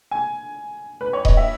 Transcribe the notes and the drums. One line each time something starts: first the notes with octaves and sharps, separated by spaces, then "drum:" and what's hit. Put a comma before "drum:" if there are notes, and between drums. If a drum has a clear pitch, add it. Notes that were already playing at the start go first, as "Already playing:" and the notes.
G#5
B4
C#5
D#5, drum: kick D#1
E5